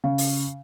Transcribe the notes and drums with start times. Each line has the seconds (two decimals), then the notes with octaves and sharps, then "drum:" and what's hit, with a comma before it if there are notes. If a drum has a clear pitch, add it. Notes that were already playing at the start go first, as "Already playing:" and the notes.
0.04 C#3
0.18 drum: open hi-hat